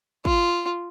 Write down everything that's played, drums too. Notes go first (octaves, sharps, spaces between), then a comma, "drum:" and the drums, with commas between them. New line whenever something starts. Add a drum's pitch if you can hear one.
F4, drum: kick